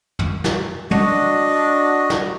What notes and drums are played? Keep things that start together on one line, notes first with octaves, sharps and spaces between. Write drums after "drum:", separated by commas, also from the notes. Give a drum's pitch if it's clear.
drum: tom
drum: snare
D4 F#4 D#5, drum: tom
drum: snare